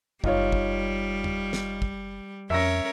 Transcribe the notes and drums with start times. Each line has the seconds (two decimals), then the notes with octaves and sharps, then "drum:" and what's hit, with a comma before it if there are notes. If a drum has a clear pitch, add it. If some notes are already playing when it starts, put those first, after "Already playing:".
0.24 F#1 G3 D#4 F4 C#5, drum: kick
0.52 drum: kick
1.24 drum: tom E2
1.53 drum: snare
1.82 drum: kick
2.50 F2 C#4 A#4 C#5 E5 E6 A#6